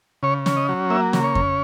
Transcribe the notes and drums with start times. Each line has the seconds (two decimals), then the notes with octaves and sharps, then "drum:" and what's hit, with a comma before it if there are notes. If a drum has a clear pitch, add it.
0.23 C#3 C#5
0.46 C#4, drum: snare
0.57 D#5
0.69 F#3
0.90 A#3 E5
1.13 C#3, drum: snare
1.24 C#5
1.35 C#4, drum: kick F2